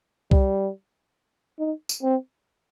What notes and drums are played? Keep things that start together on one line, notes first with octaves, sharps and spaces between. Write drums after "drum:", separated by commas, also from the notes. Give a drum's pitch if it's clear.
G3, drum: kick C2
D#4
drum: tambourine
C4